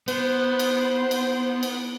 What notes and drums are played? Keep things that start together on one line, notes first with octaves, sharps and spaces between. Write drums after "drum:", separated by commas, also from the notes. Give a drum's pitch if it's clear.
B3 C5, drum: cymbal
drum: cymbal
drum: cymbal
drum: cymbal